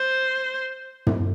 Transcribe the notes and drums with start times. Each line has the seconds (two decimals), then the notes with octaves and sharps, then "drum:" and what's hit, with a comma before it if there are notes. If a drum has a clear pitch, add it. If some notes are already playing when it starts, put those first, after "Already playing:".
Already playing: C5
1.07 drum: tom